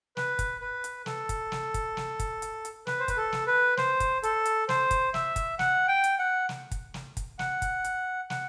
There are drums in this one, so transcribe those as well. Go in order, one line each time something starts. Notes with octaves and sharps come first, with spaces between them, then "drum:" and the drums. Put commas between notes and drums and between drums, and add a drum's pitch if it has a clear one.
B4, drum: snare
drum: kick, hi-hat
B4
drum: hi-hat
A4, drum: snare
drum: kick, hi-hat
drum: snare
drum: kick, hi-hat
drum: snare
drum: kick, hi-hat
drum: hi-hat
drum: hi-hat
B4, drum: snare
C5
B4, drum: kick, hi-hat
A4
drum: snare
B4
C5, drum: snare
drum: kick, hi-hat
A4, drum: hi-hat
drum: hi-hat
C5, drum: snare
drum: kick, hi-hat
E5, drum: snare
drum: kick, hi-hat
F#5, drum: snare
G5
drum: hi-hat
F#5
drum: snare
drum: kick, hi-hat
drum: snare
drum: kick, hi-hat
F#5, drum: snare
drum: kick, hi-hat
drum: hi-hat
F#5, drum: snare